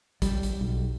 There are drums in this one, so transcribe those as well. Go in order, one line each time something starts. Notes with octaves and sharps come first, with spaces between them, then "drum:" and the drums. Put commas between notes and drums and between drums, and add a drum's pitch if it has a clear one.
G3, drum: kick A1, hi-hat
drum: hi-hat
B1